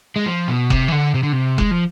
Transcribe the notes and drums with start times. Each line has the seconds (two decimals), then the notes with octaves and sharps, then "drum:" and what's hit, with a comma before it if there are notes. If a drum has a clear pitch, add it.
0.16 G#3
0.26 F3
0.48 B2
0.70 C3, drum: kick F1
0.88 E3
0.92 D3
1.14 C3
1.23 D3
1.32 C3
1.58 G#3, drum: kick F1
1.71 F3